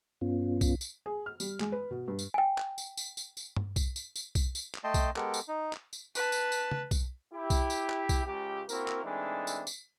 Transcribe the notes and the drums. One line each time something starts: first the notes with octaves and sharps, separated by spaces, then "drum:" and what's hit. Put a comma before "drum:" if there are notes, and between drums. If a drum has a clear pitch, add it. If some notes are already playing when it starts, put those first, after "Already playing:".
G2 B3 C#4 F4
drum: kick B1, tambourine
drum: tambourine
G#4
F6
G3, drum: tambourine
G#3, drum: clap
B4
B2
G2
drum: tambourine
G5 G#5
drum: clap
drum: tambourine
drum: tambourine
drum: tambourine
drum: tambourine
drum: tom G2
drum: kick B1, tambourine
drum: tambourine
drum: tambourine
drum: kick B1, tambourine
drum: tambourine
drum: clap
A3 D#5 G5 A5 C6
drum: kick B1, tambourine
G#3 B3 G4 A4 A#4, drum: clap
drum: tambourine
D#4
drum: clap
drum: tambourine
B4 A5, drum: tambourine
drum: tambourine
drum: tambourine
drum: tom C#3
drum: kick B1, tambourine
E4 G4
drum: kick B1, tambourine
drum: tambourine
drum: clap
drum: kick B1, tambourine
C#2 G4
A#3 C4 E4 F#4 A#4, drum: tambourine
drum: clap
E3 G#3 A3 C4 D4 D#4
drum: tambourine
drum: tambourine